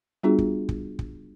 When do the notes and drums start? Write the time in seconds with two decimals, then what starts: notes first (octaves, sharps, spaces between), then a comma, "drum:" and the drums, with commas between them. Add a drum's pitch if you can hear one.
0.23 G3 B3 D4 F4 F#4 G#4
0.39 drum: kick
0.69 drum: kick
0.99 drum: kick